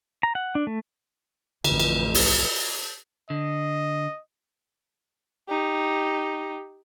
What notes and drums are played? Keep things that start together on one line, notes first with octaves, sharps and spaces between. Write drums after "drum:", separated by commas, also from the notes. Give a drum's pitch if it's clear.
A#5
F#5
D4
A3
A1 F2 D3, drum: cymbal
drum: cymbal
C2, drum: open hi-hat
D3 D#5
D#4 G4